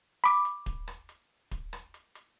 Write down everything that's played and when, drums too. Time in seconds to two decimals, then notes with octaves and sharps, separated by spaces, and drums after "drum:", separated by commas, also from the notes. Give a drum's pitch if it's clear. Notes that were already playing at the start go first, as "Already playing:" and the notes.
0.24 B5 D6, drum: hi-hat
0.45 drum: hi-hat
0.66 drum: kick D1, hi-hat
0.88 drum: rim click
1.09 drum: hi-hat
1.51 drum: kick D1, hi-hat
1.73 drum: rim click
1.94 drum: hi-hat
2.15 drum: hi-hat